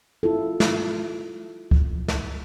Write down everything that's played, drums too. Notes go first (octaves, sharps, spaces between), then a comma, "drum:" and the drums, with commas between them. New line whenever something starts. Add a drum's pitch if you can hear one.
E4 F4 A4
drum: snare
drum: kick C#2
drum: snare